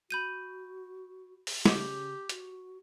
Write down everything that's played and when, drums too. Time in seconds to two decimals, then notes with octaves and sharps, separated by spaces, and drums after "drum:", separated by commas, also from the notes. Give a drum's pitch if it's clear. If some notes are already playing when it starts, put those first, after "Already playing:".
0.10 F#4 B5 G6 D#7
1.47 drum: open hi-hat
1.66 C#3 G4, drum: snare
2.29 F#4, drum: hi-hat